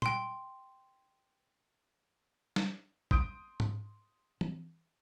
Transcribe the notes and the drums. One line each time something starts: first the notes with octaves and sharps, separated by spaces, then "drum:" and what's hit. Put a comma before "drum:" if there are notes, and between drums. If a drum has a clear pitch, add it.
G5 C6, drum: tom A#2
drum: snare
C6 D#6 G6 D7, drum: kick
drum: tom G#2
drum: tom